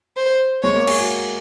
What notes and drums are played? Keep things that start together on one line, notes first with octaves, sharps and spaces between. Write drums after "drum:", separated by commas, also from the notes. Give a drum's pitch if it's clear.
C5
G#3 C#5
A#3
G#4, drum: cymbal
F#4